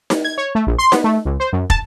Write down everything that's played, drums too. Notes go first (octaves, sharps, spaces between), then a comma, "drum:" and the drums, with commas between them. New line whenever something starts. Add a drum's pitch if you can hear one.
drum: snare D#4
G#6
C#5
A3
A#1
C6
B3, drum: snare D#4
A3
C#2
C5
F#2
A5, drum: kick